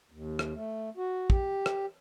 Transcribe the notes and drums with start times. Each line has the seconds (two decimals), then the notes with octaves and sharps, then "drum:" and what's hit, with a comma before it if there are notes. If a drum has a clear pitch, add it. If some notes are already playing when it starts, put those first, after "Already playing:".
0.11 D#2
0.39 drum: rim click
0.55 A3
0.97 F#4
1.30 G4, drum: kick
1.66 drum: rim click